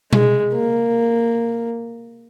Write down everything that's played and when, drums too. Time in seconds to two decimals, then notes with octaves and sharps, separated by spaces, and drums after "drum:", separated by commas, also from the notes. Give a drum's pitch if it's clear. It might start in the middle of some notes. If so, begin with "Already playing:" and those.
0.13 G#3, drum: tom B2
0.54 A#3